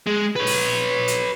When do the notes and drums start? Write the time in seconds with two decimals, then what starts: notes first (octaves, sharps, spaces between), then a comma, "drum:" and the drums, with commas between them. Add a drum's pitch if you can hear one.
0.07 G#3
0.36 B4 C#5
0.47 drum: open hi-hat
1.08 drum: hi-hat